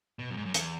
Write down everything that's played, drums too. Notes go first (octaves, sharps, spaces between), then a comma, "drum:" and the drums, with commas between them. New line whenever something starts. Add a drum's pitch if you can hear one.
B2
F#2
G#2
F#2
E2, drum: hi-hat